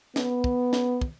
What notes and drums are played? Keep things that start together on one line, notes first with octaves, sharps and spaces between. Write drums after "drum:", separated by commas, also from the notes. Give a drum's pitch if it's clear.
B3, drum: snare
drum: kick
drum: snare
drum: kick